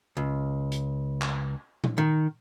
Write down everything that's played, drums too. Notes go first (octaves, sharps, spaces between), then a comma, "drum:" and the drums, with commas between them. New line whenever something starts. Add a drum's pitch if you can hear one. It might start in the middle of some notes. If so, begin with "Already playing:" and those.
C#2
drum: hi-hat
drum: clap
drum: tom A#2
D#3